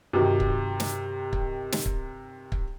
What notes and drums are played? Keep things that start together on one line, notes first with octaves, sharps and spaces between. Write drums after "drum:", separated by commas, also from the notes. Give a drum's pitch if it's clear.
G2 C3 D#3 F#4
drum: kick
drum: snare
drum: kick
drum: snare
drum: kick
drum: kick